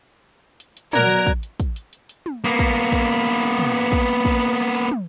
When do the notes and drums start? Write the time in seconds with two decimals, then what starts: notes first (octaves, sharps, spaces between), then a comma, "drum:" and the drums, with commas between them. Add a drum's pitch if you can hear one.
0.60 drum: hi-hat
0.77 drum: hi-hat
0.93 B2 F#3 A#4 D5 A#5 F#6 G#6, drum: tom
1.10 drum: hi-hat
1.26 drum: kick, hi-hat
1.43 drum: hi-hat
1.60 drum: kick, hi-hat
1.76 drum: hi-hat
1.93 drum: hi-hat
2.09 drum: hi-hat
2.26 drum: tom
2.44 A#3 B3, drum: hi-hat
2.59 drum: kick, hi-hat
2.76 drum: hi-hat
2.92 drum: kick, hi-hat
3.09 drum: hi-hat
3.26 drum: hi-hat
3.42 drum: hi-hat
3.59 drum: tom
3.75 drum: hi-hat
3.92 drum: kick, hi-hat
4.08 drum: hi-hat
4.25 drum: kick, hi-hat
4.42 drum: hi-hat
4.58 drum: hi-hat
4.75 drum: hi-hat
4.91 drum: tom